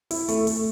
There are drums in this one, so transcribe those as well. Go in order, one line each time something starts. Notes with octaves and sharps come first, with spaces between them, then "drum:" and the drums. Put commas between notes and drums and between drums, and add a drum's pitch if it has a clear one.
E4, drum: open hi-hat
A3, drum: hi-hat
A3, drum: open hi-hat